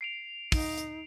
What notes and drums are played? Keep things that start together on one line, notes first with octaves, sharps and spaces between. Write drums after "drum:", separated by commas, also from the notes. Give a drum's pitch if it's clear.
C7 D7 F7
D#4, drum: kick, open hi-hat
drum: hi-hat